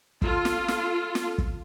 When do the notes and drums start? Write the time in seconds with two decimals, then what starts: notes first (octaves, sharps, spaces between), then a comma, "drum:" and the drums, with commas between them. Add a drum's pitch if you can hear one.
0.22 F4 A4, drum: kick
0.45 drum: snare
0.68 drum: snare
1.15 drum: snare
1.38 drum: kick